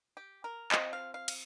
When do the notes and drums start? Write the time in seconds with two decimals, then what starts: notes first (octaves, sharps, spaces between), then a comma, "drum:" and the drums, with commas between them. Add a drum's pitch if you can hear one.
0.17 G4
0.44 A#4
0.72 F3 C4 D#5, drum: clap
0.93 F5
1.14 F5
1.28 drum: cymbal